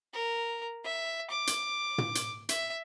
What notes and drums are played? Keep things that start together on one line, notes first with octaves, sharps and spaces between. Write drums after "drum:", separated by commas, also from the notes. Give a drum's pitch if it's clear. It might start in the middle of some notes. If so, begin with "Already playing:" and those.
A#4
E5
D6
drum: hi-hat
drum: tom
drum: hi-hat
E5, drum: hi-hat